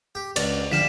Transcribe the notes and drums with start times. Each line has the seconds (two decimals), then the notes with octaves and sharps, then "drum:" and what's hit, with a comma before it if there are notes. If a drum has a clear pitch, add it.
0.15 G4
0.36 C#2 D5, drum: cymbal
0.72 D3 F3 G3 F5 A5 B6 E7